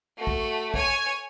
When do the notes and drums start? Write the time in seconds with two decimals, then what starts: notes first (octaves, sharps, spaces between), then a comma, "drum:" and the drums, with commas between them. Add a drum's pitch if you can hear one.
0.18 A3 F#4
0.27 drum: kick
0.74 C#5 G#5, drum: kick